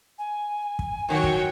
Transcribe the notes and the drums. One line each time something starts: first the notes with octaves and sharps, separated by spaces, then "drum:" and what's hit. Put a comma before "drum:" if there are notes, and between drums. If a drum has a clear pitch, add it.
G#5
drum: kick
A#2 D#3 F#3 F#4 C#5 G5
drum: kick